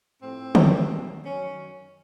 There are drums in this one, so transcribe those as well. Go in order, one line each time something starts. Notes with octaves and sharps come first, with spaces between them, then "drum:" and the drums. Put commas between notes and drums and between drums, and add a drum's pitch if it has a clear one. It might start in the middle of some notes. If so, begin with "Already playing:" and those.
A2 F3 C4
drum: tom
B2 F#3
F#2 D#3 F#3 C#4